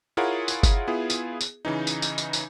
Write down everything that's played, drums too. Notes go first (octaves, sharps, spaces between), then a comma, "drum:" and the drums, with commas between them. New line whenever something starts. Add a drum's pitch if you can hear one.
E4 F4 G#4 A#4 C#5 F#5
drum: tambourine
drum: kick G1, tambourine
B3 E4 F4 G#4
drum: tambourine
drum: tambourine
C#3 E3 D#4
drum: tambourine
drum: tambourine
drum: tambourine
drum: tambourine